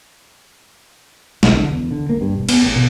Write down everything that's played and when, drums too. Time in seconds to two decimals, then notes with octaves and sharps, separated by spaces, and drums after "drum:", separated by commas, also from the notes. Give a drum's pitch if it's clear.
1.43 B1, drum: snare
1.55 D3
1.71 E2
1.91 D3
2.09 A#3
2.21 G2
2.35 E1
2.49 B3, drum: cymbal
2.63 A1
2.76 B2